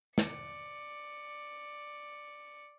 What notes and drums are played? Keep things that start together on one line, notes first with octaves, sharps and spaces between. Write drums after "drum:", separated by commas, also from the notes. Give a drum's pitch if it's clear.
D5 C#7, drum: snare